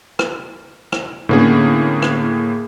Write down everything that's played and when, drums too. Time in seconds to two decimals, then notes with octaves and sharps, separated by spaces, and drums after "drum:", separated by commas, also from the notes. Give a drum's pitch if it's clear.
0.19 drum: rim click
0.92 drum: rim click
1.29 A2 D3 A#3 B3 C#4 G#4
2.02 drum: rim click